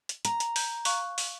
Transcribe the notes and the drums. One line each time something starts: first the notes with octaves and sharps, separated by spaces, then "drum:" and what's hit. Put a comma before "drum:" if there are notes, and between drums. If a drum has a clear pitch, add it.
drum: hi-hat
A#5, drum: hi-hat
drum: hi-hat
G6, drum: open hi-hat
F5 C#6 F#6, drum: open hi-hat
drum: open hi-hat